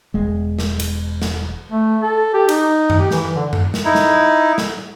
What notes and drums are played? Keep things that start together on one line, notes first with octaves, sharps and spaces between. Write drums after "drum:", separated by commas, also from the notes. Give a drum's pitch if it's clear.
E1 G#3
drum: snare
drum: cymbal
drum: snare
A3
A4
G4
D#4, drum: cymbal
drum: tom F#2
G4
E3, drum: snare
D3
drum: tom F#2
drum: snare
D#4 E4
drum: snare
drum: snare